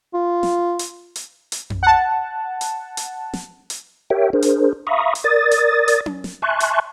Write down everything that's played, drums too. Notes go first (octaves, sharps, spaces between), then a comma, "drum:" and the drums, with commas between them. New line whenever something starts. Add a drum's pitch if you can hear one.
F4
drum: snare
drum: hi-hat
drum: hi-hat
drum: hi-hat
drum: tom F2
F#5 A5
drum: hi-hat
drum: hi-hat
drum: snare
drum: hi-hat
G4 A#4 C#5 E5 G5
D4 G#4 A#4 C5
drum: hi-hat
E5 F5 A#5 B5 C#6 D#6
drum: hi-hat
A#4 D5 D#6 A6
drum: hi-hat
drum: hi-hat
drum: tom C#4
drum: snare
E5 G#5 A5 C6 C#6 F#6
drum: hi-hat